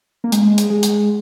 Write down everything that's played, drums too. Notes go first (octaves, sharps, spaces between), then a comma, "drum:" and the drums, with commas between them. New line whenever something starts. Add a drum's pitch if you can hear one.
A#3
G#3, drum: hi-hat
drum: hi-hat
G#3
drum: hi-hat